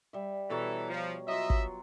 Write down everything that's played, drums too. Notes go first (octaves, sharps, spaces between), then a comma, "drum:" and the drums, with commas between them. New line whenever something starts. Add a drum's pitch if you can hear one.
G3 E5
B2 E3 A4 C#5 A#5
F3
F#3 F4 D#5 E5
drum: kick